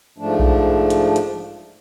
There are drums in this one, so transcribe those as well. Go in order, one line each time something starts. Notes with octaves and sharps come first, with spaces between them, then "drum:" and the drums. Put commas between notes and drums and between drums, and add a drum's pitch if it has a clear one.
G#2 F3 A3 D4
drum: kick B1
drum: hi-hat
drum: hi-hat